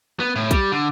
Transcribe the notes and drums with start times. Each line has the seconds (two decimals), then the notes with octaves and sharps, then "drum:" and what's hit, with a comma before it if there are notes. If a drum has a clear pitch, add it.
0.20 B3
0.36 A2
0.51 G3, drum: kick, hi-hat
0.72 D3